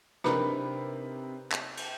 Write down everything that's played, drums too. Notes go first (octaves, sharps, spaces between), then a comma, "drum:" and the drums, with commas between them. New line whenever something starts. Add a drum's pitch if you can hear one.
C3 C4 D4 D#4 A#4 B4, drum: rim click
drum: clap
drum: cymbal